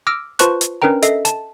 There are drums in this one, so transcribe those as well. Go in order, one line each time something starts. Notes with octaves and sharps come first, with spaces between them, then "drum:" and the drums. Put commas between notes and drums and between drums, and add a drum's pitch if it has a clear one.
D6 E6 F6 A#6 D7
F4 B4 C5 A5 C#6 F#6, drum: hi-hat
drum: hi-hat
C#4 D4 A#4 B4 G5 A#5
A4 D#5 E5 C7, drum: hi-hat
A5, drum: hi-hat